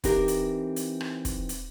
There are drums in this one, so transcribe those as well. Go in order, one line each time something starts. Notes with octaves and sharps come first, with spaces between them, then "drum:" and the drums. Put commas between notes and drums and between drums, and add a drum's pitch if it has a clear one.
E3 C4 D#4 G4 A#4, drum: kick, hi-hat
drum: hi-hat
drum: hi-hat
drum: rim click
drum: kick, hi-hat
drum: hi-hat